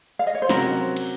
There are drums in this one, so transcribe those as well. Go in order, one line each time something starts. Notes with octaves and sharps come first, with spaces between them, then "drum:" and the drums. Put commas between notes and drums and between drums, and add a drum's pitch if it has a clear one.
F5
D#5
C#5
C5
C3 F#3 C#4 F#4 A#4, drum: snare
drum: cymbal